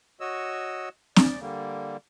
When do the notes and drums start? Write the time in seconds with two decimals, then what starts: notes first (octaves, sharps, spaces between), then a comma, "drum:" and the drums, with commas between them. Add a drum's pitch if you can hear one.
0.20 F#4 C#5 D#5 E6
1.16 D5, drum: snare
1.40 D3 G3 A#3